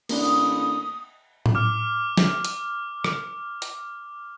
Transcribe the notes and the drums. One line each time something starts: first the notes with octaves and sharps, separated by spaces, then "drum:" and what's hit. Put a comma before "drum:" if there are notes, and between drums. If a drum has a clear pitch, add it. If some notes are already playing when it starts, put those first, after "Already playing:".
A1 A#3 D4 D#6, drum: cymbal
drum: tom A2
D6 F6
drum: snare
drum: hi-hat
drum: rim click
drum: hi-hat